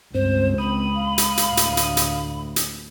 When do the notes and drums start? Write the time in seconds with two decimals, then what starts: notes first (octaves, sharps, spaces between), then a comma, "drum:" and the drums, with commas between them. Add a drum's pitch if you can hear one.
0.15 C#2 G2 C4 C5
0.58 C4 B5 D#6
0.95 F5
1.18 drum: hi-hat
1.37 drum: hi-hat
1.48 D2 A2
1.57 drum: hi-hat
1.77 drum: hi-hat
1.97 drum: hi-hat
2.56 drum: hi-hat